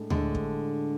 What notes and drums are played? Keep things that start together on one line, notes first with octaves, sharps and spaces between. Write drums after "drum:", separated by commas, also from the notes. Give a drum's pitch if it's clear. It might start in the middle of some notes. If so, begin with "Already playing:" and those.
Already playing: A2 G#3 D4 A4
A2 D3 G#3 D4 A4, drum: tom D2
drum: kick